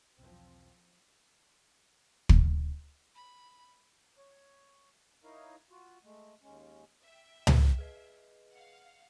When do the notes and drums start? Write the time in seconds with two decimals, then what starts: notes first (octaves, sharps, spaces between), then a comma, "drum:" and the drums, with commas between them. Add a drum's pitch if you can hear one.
0.19 B1 E2 F3 C4
2.29 drum: kick
3.15 B5
4.18 C#5
5.24 D#4 E4 A#4 C#5 D#5 F5
5.70 F4 F#4
6.04 G#3 A3
6.42 D#2 G#3 C#4
7.03 E5 G5
7.47 drum: tom C#2
7.78 G#4 B4 D#5
8.52 F5 F#5